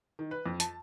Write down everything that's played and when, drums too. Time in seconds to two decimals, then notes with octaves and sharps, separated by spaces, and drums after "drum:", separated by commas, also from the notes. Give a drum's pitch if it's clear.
0.19 D#3
0.31 B4
0.46 F2
0.60 A5, drum: hi-hat